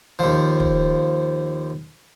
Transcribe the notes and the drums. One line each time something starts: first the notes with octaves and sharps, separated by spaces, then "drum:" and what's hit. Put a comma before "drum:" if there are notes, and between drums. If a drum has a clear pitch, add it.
D#2 F3
drum: kick